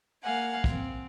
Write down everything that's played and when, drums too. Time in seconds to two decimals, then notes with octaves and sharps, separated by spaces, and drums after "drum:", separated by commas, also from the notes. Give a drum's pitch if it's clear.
0.23 A#3 F5 F#5 G#5
0.64 C4, drum: kick